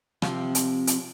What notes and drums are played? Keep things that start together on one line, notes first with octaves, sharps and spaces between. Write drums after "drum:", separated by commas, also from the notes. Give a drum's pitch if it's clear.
C3 F3 C4, drum: rim click
drum: hi-hat
drum: hi-hat